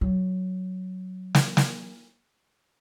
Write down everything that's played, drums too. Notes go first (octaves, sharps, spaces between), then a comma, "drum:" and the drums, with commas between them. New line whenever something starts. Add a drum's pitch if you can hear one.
F#3
drum: snare
drum: snare